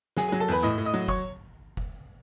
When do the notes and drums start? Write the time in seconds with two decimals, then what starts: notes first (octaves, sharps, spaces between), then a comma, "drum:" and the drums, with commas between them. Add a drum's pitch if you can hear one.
0.17 F#3 G#4 G#5, drum: snare
0.28 F#3 G#4 G#5
0.40 A4 A5
0.48 E2 B4 B5
0.63 A2 D#5 D#6
0.78 A2
0.85 D#5 D#6
0.94 F#3
1.08 C#5 C#6, drum: kick F1
1.77 drum: kick F1